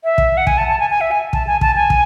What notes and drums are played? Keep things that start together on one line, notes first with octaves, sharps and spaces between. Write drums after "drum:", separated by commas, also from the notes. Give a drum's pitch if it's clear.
E5
drum: kick
F#5
G#5, drum: kick
A5
A5
G#5
G#5
E5
G#5
A5, drum: kick
G#5
A5, drum: kick
G#5
drum: kick